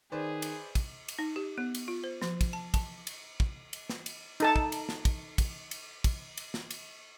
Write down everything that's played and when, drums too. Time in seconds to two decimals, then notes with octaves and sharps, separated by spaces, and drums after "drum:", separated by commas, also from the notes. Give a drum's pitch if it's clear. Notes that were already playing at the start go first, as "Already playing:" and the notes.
0.12 D#3 G#4 B4 C5 D5
0.42 drum: cymbal
0.75 drum: kick, cymbal
1.08 drum: cymbal
1.19 D#4
1.36 G4
1.58 B3
1.75 drum: cymbal
1.88 F4
2.04 C5
2.22 F3, drum: snare
2.41 drum: kick, cymbal
2.53 A5
2.74 A5, drum: kick, cymbal
3.07 drum: cymbal
3.40 drum: kick
3.73 drum: cymbal
3.89 drum: snare
4.06 drum: cymbal
4.40 D#4 A4 A5, drum: cymbal
4.56 drum: kick
4.72 drum: cymbal
4.89 drum: snare
5.05 drum: kick, cymbal
5.38 drum: kick, cymbal
5.71 drum: cymbal
6.04 drum: kick, cymbal
6.37 drum: cymbal
6.54 drum: snare
6.71 drum: cymbal